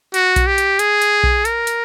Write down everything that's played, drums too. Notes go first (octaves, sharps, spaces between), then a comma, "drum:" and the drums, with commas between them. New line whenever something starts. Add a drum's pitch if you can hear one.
F#4, drum: hi-hat
drum: kick B1, hi-hat
G4
drum: hi-hat
G#4, drum: hi-hat
drum: hi-hat
drum: kick B1
A#4, drum: hi-hat
drum: hi-hat